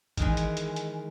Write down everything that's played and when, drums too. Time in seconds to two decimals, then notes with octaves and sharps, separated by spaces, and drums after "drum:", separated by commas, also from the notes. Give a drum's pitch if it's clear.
0.17 D#3 E3 G#3, drum: kick, hi-hat
0.37 drum: hi-hat
0.57 drum: hi-hat
0.76 drum: hi-hat